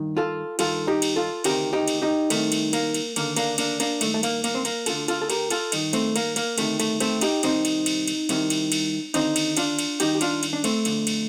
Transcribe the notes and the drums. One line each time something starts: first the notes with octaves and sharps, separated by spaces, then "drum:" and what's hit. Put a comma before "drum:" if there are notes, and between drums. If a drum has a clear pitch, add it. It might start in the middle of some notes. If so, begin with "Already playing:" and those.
Already playing: G2 D#3
F4 A4
G2 D#3 F4 A4, drum: cymbal
D#4 G4
drum: cymbal
F4 A4
D2 C3 D#3 G4 A#4, drum: cymbal
D#4 G4
drum: cymbal
D#4 G4
C2 C3 D#3 A3, drum: cymbal
drum: cymbal
A#3, drum: cymbal
drum: cymbal
D#2 D3 A#3, drum: cymbal
A#3 D4, drum: cymbal
A#3 D4, drum: cymbal
A#3 D4, drum: cymbal
G2 D#3 A3, drum: cymbal
A3
A#3, drum: cymbal
A#3, drum: cymbal
C4
A#3, drum: cymbal
D2 D3 F4 A4, drum: cymbal
F4 A4, drum: cymbal
A4
G4 A#4, drum: cymbal
F4 A4, drum: cymbal
G2 D#3, drum: cymbal
A3 C4, drum: cymbal
A#3, drum: cymbal
A#3, drum: cymbal
D2 C3 D#3 A3, drum: cymbal
A3, drum: cymbal
A3 C4, drum: cymbal
D#4 G4, drum: cymbal
C2 C3 D#3 C4 D#4, drum: cymbal
drum: cymbal
drum: cymbal
drum: cymbal
C2 C3 D#3, drum: cymbal
drum: cymbal
drum: cymbal
D#2 D3 C4 D#4, drum: cymbal
drum: cymbal
D4 F4, drum: cymbal
drum: cymbal
G2 D#3 D#4 G4, drum: cymbal
G4
D4 F4, drum: cymbal
drum: cymbal
D4
A3 C4, drum: cymbal
F2 D3, drum: cymbal
drum: cymbal